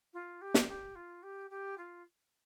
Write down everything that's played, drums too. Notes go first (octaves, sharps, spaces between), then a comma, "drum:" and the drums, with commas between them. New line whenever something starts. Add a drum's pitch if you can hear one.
F4
G4
drum: snare
G4
F4
G4
G4
F4